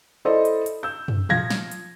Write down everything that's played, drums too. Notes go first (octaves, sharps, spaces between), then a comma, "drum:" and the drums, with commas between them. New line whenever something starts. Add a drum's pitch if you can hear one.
E4 A4 C5 D5 D#5
drum: hi-hat
drum: hi-hat
E6 G6
drum: tom
F3 F5 G#6 A#6, drum: tom A#2
drum: snare
drum: hi-hat